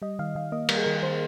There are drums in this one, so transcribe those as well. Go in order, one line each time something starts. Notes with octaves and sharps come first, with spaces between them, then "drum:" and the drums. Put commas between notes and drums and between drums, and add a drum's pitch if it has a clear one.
G3 D#5
D#3 F5
D#3 F5
A#3 D#5
G3 A#4, drum: cymbal
G#4
D#3 A#4
D#3 C5